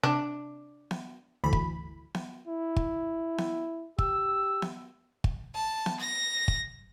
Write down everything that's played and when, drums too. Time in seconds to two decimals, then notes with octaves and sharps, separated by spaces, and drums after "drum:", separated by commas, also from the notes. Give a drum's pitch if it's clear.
0.03 C3 D4
0.91 drum: snare B3
1.44 D2 E3 B5
1.53 drum: kick
2.15 drum: snare B3
2.47 E4
2.76 drum: kick
3.38 drum: snare B3
3.98 G4 E6, drum: kick
4.62 drum: snare B3
5.24 drum: kick
5.55 A5
5.86 drum: snare B3
6.01 A#6
6.48 drum: kick